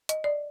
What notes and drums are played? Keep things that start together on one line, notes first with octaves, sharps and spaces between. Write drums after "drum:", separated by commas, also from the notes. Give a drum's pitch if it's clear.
D#5, drum: hi-hat
D5